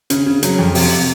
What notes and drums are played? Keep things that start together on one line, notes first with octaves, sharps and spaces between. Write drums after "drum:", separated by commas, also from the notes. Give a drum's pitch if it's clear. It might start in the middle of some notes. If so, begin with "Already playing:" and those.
C#3, drum: hi-hat
C#3
F#3, drum: hi-hat
F2
C3, drum: open hi-hat